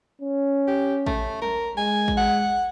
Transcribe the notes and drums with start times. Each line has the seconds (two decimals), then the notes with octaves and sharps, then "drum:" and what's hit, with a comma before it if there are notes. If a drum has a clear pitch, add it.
0.21 C#4
0.68 G4
1.07 A3, drum: kick A1
1.42 A#4, drum: tom F3
1.77 G#3 G#5
2.08 drum: kick A1
2.18 F#5